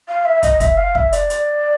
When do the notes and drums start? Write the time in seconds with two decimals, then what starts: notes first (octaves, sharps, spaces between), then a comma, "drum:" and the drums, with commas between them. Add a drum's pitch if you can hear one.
0.08 F5
0.25 E5
0.43 D#5, drum: kick, hi-hat
0.60 E5, drum: kick, hi-hat
0.77 F5
0.95 E5, drum: kick
1.13 D5, drum: hi-hat
1.30 drum: hi-hat